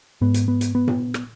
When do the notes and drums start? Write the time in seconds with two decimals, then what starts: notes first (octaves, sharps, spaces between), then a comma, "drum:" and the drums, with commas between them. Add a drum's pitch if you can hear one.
0.21 G#2 B3
0.34 drum: hi-hat
0.48 B3
0.61 drum: hi-hat
0.75 B3
0.88 drum: tom A#2
1.14 drum: rim click